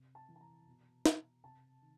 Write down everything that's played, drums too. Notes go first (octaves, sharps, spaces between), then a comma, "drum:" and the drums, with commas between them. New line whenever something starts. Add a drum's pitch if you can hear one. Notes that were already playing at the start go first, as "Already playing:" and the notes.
Already playing: C3
A5
E3
A5
A#5
B2
drum: snare
C3 A5
D#3